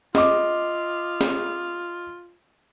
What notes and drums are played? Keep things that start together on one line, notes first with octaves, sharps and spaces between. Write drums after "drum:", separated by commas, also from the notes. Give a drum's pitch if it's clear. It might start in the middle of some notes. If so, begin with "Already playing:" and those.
F4 D#5 D6, drum: snare
drum: snare